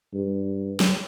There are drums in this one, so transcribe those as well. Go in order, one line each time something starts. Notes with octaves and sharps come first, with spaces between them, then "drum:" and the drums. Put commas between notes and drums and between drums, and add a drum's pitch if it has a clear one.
G2
drum: snare